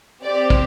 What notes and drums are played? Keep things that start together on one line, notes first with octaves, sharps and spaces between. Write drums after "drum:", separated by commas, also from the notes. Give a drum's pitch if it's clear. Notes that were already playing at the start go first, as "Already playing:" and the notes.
C4 G4 D5
drum: kick